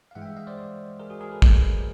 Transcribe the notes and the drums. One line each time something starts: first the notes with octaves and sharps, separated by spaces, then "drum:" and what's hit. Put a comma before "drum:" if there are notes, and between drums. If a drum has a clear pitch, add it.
F5
G2 E3 G#3 E5 F#5
G5
E5 F#5
D#5 F5
C5 D5
C5 D5
G#4 A#4
F#4 G#4
G#4 A#4
A4 B4
drum: kick